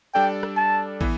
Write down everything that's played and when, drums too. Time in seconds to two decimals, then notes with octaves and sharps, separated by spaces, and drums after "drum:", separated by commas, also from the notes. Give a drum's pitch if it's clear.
0.14 G3 D4 A4 D5 G5
0.43 drum: rim click
0.57 A5
1.01 E3 B3, drum: kick